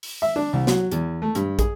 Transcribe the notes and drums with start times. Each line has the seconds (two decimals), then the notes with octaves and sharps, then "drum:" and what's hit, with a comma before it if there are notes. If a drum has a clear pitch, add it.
0.03 drum: open hi-hat
0.22 E5
0.36 D4
0.53 C2
0.67 F#3, drum: snare
0.92 E2, drum: hi-hat
1.22 A3
1.35 G2, drum: hi-hat
1.59 G#4, drum: kick, hi-hat